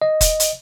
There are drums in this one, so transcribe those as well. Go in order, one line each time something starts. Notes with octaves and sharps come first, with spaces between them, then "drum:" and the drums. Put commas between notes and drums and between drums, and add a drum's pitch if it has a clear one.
D#5
drum: kick, hi-hat
drum: hi-hat